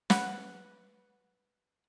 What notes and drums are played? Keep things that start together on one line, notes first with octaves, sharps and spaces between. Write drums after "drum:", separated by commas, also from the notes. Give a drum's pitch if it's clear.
B4 F#5, drum: snare